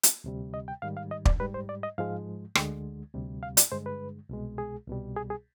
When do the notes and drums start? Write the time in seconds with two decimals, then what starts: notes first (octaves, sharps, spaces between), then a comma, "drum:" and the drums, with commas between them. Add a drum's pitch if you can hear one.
0.03 drum: hi-hat
0.24 D2 C3 G3
0.54 D#5
0.68 G5
0.82 G#2 D#3 G3 F5
0.97 F5
1.11 D#5
1.25 D5, drum: kick
1.40 G#2 G3 B4
1.54 C5
1.69 D5
1.83 D#5
1.98 G#2 F3 G#3 F5
2.55 D2 D3 G#3 G5, drum: rim click
3.14 D2 C3 G3
3.43 F5
3.57 D5, drum: hi-hat
3.72 G2 D3 G#3 C5
3.86 B4
4.29 C2 B2 G#3
4.58 G#4
4.87 C2 B2 G3
5.16 G#4
5.30 G#4